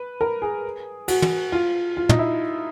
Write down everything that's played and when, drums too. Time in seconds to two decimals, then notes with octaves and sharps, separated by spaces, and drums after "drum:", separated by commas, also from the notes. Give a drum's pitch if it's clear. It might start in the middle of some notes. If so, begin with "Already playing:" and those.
Already playing: B4
0.21 A#4
0.42 G#4
1.08 F#4, drum: cymbal
1.22 drum: tom
1.52 F4
1.97 F4
2.09 D#4, drum: tom
2.19 E4